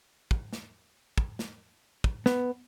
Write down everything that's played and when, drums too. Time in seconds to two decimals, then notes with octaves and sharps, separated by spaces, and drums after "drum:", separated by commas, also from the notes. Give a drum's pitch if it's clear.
0.31 drum: kick
0.53 drum: snare
1.18 drum: kick
1.39 drum: snare
2.04 drum: kick
2.26 B3, drum: snare